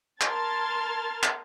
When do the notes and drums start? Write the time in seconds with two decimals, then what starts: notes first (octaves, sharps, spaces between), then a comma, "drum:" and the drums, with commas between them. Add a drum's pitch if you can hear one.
0.21 A#4 A5 C6 F6 G#6 A6, drum: clap
1.23 drum: clap